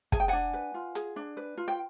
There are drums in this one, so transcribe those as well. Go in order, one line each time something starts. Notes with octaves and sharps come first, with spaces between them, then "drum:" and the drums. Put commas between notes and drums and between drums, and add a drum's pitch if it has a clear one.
G#4 G#5, drum: kick, hi-hat
G5
D4 F#5 G#5
B4
F4
G#4, drum: hi-hat
D4
B4
F4
G5